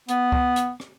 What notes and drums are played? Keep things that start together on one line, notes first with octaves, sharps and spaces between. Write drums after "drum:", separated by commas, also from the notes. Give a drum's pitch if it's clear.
B3, drum: hi-hat
drum: kick C#2
drum: hi-hat
drum: rim click